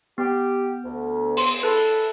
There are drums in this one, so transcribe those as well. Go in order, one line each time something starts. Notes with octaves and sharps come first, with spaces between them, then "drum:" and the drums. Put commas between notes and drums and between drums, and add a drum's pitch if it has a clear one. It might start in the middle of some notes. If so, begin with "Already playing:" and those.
B3 G4
D2
C6, drum: open hi-hat
E4 A4 B4